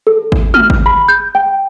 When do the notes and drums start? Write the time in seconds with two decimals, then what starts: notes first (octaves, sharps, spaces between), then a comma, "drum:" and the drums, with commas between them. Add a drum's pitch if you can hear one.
0.07 A4
0.32 drum: kick
0.54 F6, drum: tom G#3
0.70 drum: kick
0.86 B5
1.08 G6
1.35 G5